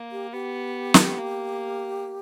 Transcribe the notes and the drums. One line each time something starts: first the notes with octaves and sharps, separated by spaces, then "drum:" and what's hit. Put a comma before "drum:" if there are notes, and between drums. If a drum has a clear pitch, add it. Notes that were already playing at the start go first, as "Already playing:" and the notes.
Already playing: A#3
G4
B3 G4
drum: snare
A#3